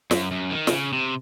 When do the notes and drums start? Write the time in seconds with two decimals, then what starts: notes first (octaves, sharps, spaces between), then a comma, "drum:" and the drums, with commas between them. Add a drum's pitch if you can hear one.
0.11 F#2, drum: snare
0.31 F#2
0.51 D#3
0.67 C3, drum: snare
0.72 C#3
0.93 C3